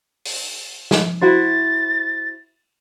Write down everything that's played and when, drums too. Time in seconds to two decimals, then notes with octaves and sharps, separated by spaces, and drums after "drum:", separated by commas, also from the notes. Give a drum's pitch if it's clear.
0.25 drum: open hi-hat
0.91 drum: snare
1.21 E4 F#4 C5 A6